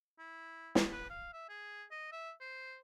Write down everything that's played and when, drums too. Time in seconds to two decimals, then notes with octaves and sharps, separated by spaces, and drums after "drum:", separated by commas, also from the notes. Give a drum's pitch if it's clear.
0.19 E4
0.75 drum: snare
0.92 B4
1.10 F5
1.33 E5
1.49 G#4
1.91 D#5
2.12 E5
2.41 C5